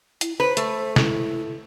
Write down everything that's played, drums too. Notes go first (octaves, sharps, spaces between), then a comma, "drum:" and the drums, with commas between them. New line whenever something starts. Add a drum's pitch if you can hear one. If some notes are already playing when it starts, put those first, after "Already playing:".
E4, drum: hi-hat
B4 C5
A3, drum: hi-hat
E4, drum: snare